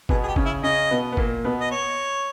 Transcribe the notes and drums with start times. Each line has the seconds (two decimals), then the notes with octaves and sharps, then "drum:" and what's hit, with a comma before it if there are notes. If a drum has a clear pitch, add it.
0.09 B2 B3 G#4, drum: kick
0.24 G#4
0.28 G4
0.36 C#3 C#4, drum: kick
0.46 E4
0.63 C#3 C#4 D#5
0.91 B2 B3
1.12 B3
1.17 A#2 A#3, drum: kick
1.45 B2 B3
1.61 D#5
1.71 C#5